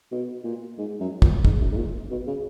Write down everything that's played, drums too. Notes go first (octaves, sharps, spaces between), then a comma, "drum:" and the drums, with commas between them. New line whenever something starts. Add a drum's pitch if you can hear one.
B2
A#2
G#2
F#2
A#2, drum: kick
G#2, drum: kick
F#2
G#2
A#2
B2
C#3